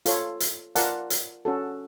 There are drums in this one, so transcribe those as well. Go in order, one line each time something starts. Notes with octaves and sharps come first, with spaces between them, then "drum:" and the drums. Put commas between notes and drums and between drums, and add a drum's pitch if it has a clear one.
F4 A4 C#5, drum: hi-hat
drum: hi-hat
F4 A#4 D5 F#5 A5, drum: hi-hat
drum: hi-hat
C#4 F#4 A4